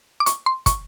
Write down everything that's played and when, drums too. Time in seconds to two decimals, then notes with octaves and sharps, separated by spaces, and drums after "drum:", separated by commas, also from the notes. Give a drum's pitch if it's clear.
0.20 D6
0.26 C#6, drum: hi-hat
0.46 C6
0.66 C#6, drum: kick, hi-hat